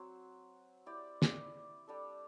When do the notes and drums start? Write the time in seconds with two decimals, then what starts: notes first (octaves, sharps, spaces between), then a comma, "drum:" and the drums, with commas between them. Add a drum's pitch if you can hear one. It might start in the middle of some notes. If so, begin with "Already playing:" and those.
Already playing: F#3 C4 F#4
0.86 E4 G4 D5
1.22 drum: snare
1.87 G3 D4 A4